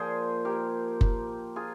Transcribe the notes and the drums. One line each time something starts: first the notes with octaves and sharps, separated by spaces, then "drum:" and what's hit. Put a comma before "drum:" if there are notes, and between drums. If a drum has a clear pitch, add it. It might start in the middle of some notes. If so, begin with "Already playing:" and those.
Already playing: A#2 F3 G#4 C5
G4 A#4
drum: kick F#1
F4 G#4